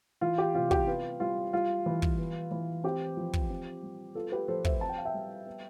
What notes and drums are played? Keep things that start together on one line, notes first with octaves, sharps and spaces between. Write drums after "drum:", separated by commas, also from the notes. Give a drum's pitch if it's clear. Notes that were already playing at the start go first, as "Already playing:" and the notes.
E3 F4
G4
C3 F4
G4, drum: kick
B3 F4
G3 F4
G3 F4
E3
drum: kick
B3
E3
C4 G4
F3
drum: kick
C4
G3
B3 F4 A4
G4 B4
F3 A4 C5
C5 E5, drum: kick
C4 A5
G5
F5
E5 G5
G3
B3